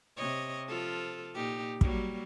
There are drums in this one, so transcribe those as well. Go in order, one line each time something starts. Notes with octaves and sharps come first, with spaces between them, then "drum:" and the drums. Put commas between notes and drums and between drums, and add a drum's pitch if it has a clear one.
C3 C#5 D#5
F3 F4 A4
A#2 D#4 G4
F#3 G3 A#3, drum: kick